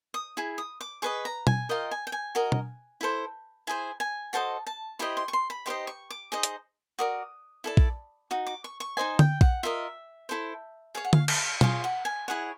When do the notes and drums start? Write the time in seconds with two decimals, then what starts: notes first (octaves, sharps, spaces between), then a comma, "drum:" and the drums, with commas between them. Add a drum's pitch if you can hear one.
0.14 D#6
0.37 E4 G#4
0.58 D#6
0.81 D6
1.02 G#4 B4 D#5 C#6
1.25 A#5
1.47 G#5, drum: tom B2
1.69 F4 A#4 D#5 G5
1.91 G#5
2.07 G5
2.12 G#5
2.35 F#4 A#4 D#5
2.52 drum: tom B2
3.01 E4 A4 C5
3.67 E4 G#4 C5 G#5
4.00 G#5
4.33 F#4 A4 C5 D#5 A5
4.67 A5
4.99 E4 G4 C5 D#5 B5
5.17 C6
5.28 C#6
5.33 C6
5.50 B5
5.66 D#4 G4 C5 D#5 C6
5.87 C#6
6.10 D6
6.32 D#4 G#4 C5 D#5
6.43 drum: hi-hat
6.99 F#4 A#4 D5 D#6
7.64 E4 A4 D5
7.77 drum: kick A#1
8.31 D#4 F#4
8.47 D6
8.64 C#6
8.80 C#6
8.97 D#4 G#4 C5 D#5 G#5
9.19 G5, drum: tom D3
9.41 F#5, drum: kick A#1
9.63 F4 A#4 D#5 E5
10.29 E4 A4 C5
10.95 G#4 C#5 F5
11.05 F#5
11.13 F5, drum: tom D3
11.28 F5, drum: cymbal
11.61 F4 G#4 C#5 F5, drum: tom B2
11.84 F#5
12.05 G#5
12.28 E4 G#4 C#5 F#5